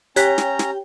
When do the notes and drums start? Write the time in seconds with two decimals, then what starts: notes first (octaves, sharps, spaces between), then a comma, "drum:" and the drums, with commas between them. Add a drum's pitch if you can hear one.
0.16 C#4 G4 C#5 G5 A#5 F#6 B6, drum: hi-hat
0.38 drum: snare
0.59 drum: snare